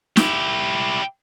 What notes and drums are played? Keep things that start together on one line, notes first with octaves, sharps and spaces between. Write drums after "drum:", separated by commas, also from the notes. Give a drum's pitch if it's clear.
E4 G4, drum: snare